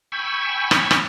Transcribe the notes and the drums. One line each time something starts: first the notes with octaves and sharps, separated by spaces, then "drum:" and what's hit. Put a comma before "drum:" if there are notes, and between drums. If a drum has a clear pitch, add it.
G5 G#5 B5 C#6 E6
drum: rim click
drum: rim click